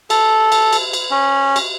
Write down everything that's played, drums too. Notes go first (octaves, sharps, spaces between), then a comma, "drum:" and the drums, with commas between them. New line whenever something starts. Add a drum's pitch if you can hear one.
A4, drum: cymbal
drum: cymbal
drum: cymbal
drum: cymbal
C#4
drum: cymbal